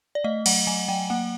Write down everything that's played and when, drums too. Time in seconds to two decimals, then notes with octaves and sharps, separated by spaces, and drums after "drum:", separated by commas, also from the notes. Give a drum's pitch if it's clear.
0.15 D5
0.24 A3 D#5
0.46 F#3 F#5, drum: cymbal
0.67 F#3 G#5
0.88 F#3 G5
1.10 A#3 F#5